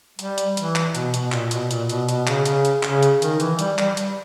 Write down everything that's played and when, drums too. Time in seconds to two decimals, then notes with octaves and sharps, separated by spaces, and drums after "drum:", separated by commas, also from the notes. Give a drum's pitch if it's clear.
0.19 G3, drum: hi-hat
0.38 drum: hi-hat
0.57 E3, drum: hi-hat
0.76 drum: clap
0.95 B2, drum: hi-hat
1.14 B2, drum: hi-hat
1.32 A#2, drum: clap
1.51 B2, drum: hi-hat
1.71 A#2, drum: hi-hat
1.89 B2, drum: hi-hat
2.09 B2, drum: hi-hat
2.27 C#3, drum: clap
2.45 C#3, drum: hi-hat
2.65 drum: hi-hat
2.83 C#3, drum: clap
3.03 drum: hi-hat
3.22 D#3, drum: hi-hat
3.40 E3, drum: hi-hat
3.59 G3, drum: hi-hat
3.78 G3, drum: clap
3.97 drum: hi-hat